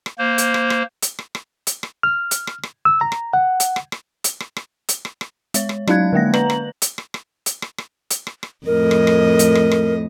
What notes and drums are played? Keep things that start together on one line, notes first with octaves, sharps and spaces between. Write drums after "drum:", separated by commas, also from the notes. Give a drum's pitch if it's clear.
drum: rim click
A#3 C5
drum: hi-hat
drum: rim click
drum: rim click
drum: hi-hat
drum: rim click
drum: rim click
drum: hi-hat
drum: rim click
F6
drum: hi-hat
drum: rim click
drum: rim click
E6
A#5
drum: rim click
F#5
drum: hi-hat
drum: rim click
drum: rim click
drum: hi-hat
drum: rim click
drum: rim click
drum: hi-hat
drum: rim click
drum: rim click
G#3 C#5, drum: hi-hat
drum: rim click
F#3 C#4 D#4 F5 F#6 G#6, drum: rim click
D3 G#3 A#3 A#6
B4 A#5 F#7, drum: rim click
drum: rim click
drum: hi-hat
drum: rim click
drum: rim click
drum: hi-hat
drum: rim click
drum: rim click
drum: hi-hat
drum: rim click
drum: rim click
F2 A2 A#4 D#5
drum: rim click
drum: rim click
drum: hi-hat
drum: rim click
drum: rim click